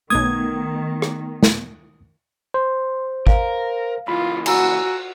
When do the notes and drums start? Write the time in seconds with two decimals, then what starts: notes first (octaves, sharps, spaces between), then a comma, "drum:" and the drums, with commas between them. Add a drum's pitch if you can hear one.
0.10 B1 D#3 A3 B3 D#6 G#6
1.02 drum: rim click
1.43 drum: snare
2.54 C5 C6
3.27 A#4 F5, drum: kick
4.08 C#2 E3 F4 B5
4.46 F#4 G#5 A#5 E6, drum: cymbal